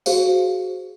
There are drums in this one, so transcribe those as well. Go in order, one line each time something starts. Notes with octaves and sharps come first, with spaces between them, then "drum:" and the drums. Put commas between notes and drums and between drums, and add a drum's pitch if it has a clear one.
F#4 G#4 C5 F5, drum: tambourine